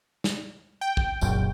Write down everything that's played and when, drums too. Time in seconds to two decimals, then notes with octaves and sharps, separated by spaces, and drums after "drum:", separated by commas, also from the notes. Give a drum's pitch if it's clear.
0.24 drum: snare
0.81 G5
0.97 drum: kick
1.21 F1 A#1 F#2, drum: tambourine